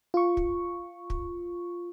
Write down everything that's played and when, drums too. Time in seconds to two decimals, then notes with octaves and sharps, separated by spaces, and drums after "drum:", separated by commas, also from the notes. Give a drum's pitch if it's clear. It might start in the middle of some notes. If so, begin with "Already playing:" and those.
0.14 F4 C#6
0.37 drum: kick
1.10 drum: kick